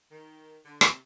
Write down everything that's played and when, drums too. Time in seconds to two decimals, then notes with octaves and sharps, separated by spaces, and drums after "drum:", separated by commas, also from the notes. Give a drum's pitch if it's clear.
0.11 D#3
0.64 D3
0.81 C3, drum: rim click